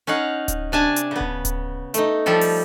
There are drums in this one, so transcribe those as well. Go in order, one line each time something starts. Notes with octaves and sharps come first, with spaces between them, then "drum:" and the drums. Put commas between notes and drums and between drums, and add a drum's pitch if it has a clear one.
C#4 D#4 F5 F#5
drum: kick D1, hi-hat
C3 D4 G#5 A5
drum: hi-hat
C#3 B3
drum: kick D1
drum: kick D1, hi-hat
A3 D#4, drum: hi-hat
F3 G3 G4 A4
drum: open hi-hat